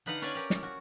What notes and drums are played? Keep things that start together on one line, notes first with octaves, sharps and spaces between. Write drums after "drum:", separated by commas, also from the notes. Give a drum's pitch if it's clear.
D3 D#4 B4 D#5 F5 F#5
C#4 B4 D5 G#5
G4 A#4
drum: snare
F#4